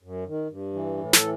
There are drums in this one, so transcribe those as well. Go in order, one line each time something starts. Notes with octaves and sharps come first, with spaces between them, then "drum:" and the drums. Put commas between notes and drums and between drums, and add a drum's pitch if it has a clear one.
F#2
D#3
G2
E3
A2
A4, drum: snare
E3